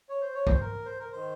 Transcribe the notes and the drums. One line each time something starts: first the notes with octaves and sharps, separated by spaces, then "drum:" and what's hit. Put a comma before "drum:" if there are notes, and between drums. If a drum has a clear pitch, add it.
C#5
C5
C#5
C5, drum: kick
A#4
C5
A#4
D#3 C5